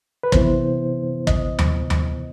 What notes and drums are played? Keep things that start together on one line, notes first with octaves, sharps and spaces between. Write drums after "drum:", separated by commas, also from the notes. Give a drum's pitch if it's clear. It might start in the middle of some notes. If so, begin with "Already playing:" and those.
B4
C3 E3 B3 E4 C5, drum: kick
D#5, drum: kick
drum: tom D#2
drum: tom D#2